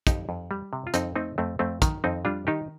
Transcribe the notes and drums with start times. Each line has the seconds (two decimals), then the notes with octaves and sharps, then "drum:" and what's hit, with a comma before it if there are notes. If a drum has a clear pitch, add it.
0.07 F2 D#4 G4, drum: kick, hi-hat
0.29 F2
0.51 G3
0.73 C3
0.87 F4
0.94 F2 C4 D#4, drum: hi-hat
1.16 A3 C4 D#4
1.38 F2 A3 C4
1.59 F2 A3 C4
1.82 D#3, drum: kick, hi-hat
2.04 F2 C4 D#4
2.25 G3 D4 F4
2.47 D#3 D#4 G4